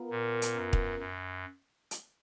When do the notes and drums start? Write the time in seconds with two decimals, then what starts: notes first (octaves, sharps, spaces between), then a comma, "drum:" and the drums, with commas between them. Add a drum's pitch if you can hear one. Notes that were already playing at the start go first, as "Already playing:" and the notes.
Already playing: B3 F4 A#4
0.11 A#2
0.42 drum: hi-hat
0.55 F#2
0.73 drum: kick
0.99 F#2
1.91 drum: hi-hat